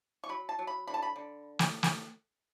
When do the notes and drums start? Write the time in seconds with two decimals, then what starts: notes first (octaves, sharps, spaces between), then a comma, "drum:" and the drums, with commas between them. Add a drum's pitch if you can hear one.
0.24 C#6
0.29 F#3 B5
0.49 A5
0.59 F#3
0.67 B5
0.87 D3 B5
0.94 A5
1.02 B5
1.16 D3
1.59 drum: snare
1.83 drum: snare